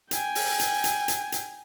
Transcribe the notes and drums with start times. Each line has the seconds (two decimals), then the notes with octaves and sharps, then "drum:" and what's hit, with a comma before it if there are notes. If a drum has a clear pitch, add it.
0.11 G5 G#5, drum: hi-hat
0.35 drum: open hi-hat
0.59 drum: hi-hat
0.84 drum: hi-hat
1.08 drum: hi-hat
1.32 drum: hi-hat